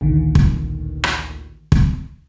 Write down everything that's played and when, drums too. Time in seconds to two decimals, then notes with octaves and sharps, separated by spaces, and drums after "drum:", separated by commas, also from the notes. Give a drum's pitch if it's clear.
0.01 A1 D2 A#2 D3 D#3
0.35 drum: kick
1.04 drum: rim click
1.72 drum: kick